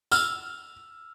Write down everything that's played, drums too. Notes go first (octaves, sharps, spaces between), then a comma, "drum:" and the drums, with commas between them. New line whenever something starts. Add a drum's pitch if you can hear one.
E6 F6, drum: tambourine